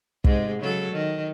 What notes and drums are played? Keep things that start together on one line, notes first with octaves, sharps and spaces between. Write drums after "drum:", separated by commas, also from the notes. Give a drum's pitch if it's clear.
G#2 C3 G#3, drum: kick
C#3 F#3 A4
D#3